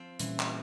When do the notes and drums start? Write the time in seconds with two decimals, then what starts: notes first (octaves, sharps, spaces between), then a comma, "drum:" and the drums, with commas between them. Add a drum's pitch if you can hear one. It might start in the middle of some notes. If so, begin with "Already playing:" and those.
Already playing: F3 C4
0.19 A#2 E3 G3 C#4, drum: hi-hat
0.40 drum: clap